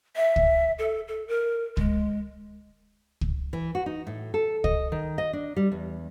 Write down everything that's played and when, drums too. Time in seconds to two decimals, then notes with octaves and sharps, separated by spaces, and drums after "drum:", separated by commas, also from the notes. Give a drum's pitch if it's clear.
0.16 E5
0.36 drum: kick
0.79 A4
1.08 A4
1.28 A#4
1.77 G#3, drum: kick
3.21 drum: kick
3.53 E3
3.75 F#4
3.86 D#4
4.07 A2
4.34 A4
4.64 D#5, drum: kick
4.92 D#3
5.18 D#5
5.33 D4
5.56 G3
5.72 E2